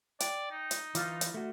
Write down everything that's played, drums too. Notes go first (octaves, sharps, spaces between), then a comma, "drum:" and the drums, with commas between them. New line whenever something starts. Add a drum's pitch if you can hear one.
D5 G5 D7, drum: hi-hat
D#4
drum: hi-hat
E3 F4 D6 F6 A6, drum: hi-hat
drum: hi-hat
A3 F#4